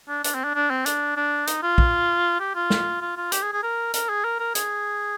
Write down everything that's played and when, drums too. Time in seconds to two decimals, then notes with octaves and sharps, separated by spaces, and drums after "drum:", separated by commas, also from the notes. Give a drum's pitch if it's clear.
0.08 D4
0.24 D4, drum: hi-hat
0.35 C4
0.44 D4
0.55 D4
0.70 C4
0.86 D4, drum: hi-hat
1.17 D4
1.47 D#4, drum: hi-hat
1.63 F4
1.78 drum: kick A#1
2.40 G4
2.55 F4
2.70 drum: snare
3.01 F4
3.17 F4
3.32 G4, drum: hi-hat
3.42 G#4
3.53 G#4
3.63 A#4
3.94 A#4, drum: hi-hat
4.09 G#4
4.25 A#4
4.40 A#4
4.55 G#4, drum: hi-hat